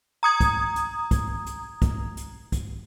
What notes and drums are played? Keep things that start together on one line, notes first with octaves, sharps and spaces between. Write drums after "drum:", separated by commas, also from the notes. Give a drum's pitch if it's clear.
A#5 D#6 G#6
drum: kick, hi-hat
drum: hi-hat
drum: kick, hi-hat
drum: hi-hat
drum: kick, hi-hat
drum: hi-hat
drum: kick, hi-hat